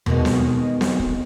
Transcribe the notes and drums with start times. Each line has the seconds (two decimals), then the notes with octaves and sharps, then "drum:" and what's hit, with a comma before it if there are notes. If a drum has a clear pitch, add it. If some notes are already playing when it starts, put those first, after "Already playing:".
0.06 B2 D#3 G#3, drum: tom E2
0.25 drum: snare C4
0.81 drum: snare C4
0.99 drum: kick